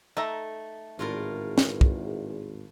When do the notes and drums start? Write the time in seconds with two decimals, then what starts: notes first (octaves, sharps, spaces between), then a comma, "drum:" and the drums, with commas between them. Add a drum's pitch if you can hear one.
0.17 A3 D#4 E5 A#5
0.99 G#1 E2 A2 F4 A#4
1.58 drum: snare
1.81 drum: kick